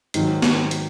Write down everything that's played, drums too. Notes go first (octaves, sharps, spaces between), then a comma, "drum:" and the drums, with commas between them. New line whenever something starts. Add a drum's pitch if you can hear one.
G#2 D#3 F#3, drum: hi-hat
drum: snare
drum: hi-hat